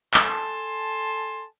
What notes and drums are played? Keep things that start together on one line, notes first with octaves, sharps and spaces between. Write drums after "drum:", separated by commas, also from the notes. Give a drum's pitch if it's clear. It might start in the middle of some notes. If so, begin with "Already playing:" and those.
A4 G#5 A5 C6, drum: clap